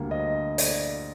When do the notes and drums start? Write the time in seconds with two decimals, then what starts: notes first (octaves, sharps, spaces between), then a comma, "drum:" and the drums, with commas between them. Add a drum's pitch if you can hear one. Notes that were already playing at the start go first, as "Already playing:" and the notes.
Already playing: D2 D3 G3 A#3
0.11 D#5
0.58 D5, drum: hi-hat